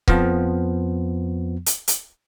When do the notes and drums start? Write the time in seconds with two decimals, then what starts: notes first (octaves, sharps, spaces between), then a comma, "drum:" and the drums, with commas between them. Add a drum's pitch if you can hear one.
0.08 F2 F3 B3, drum: kick C#1
1.66 drum: hi-hat
1.88 drum: hi-hat